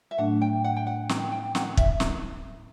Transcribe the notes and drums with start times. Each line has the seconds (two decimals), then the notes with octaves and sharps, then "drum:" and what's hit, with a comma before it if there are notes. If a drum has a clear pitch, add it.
0.11 E5
0.18 A2 F#3 A3 D4 F#5
0.41 G5
0.64 F#5
0.76 G5
0.87 F#5
1.09 G5, drum: snare
1.32 G5
1.55 F#5, drum: snare
1.77 E5, drum: kick
2.00 drum: snare